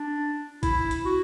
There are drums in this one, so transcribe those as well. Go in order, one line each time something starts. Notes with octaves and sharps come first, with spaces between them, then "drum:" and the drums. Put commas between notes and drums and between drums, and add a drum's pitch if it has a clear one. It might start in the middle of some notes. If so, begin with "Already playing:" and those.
Already playing: D4
E4, drum: kick, hi-hat
drum: hi-hat
F#4